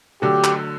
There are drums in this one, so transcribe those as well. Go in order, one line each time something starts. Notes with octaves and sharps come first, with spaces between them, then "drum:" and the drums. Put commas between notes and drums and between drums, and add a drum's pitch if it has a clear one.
D3 F#3 A3 G4
drum: clap